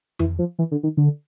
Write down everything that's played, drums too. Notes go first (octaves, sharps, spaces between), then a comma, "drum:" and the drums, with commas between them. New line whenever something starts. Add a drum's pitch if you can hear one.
E3, drum: tom F2
F3
E3
D3
D#3
D3